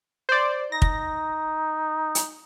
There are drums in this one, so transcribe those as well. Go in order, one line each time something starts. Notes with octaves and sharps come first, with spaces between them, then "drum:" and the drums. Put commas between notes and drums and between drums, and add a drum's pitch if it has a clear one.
C5 D5
D#4 A#6
drum: kick
drum: hi-hat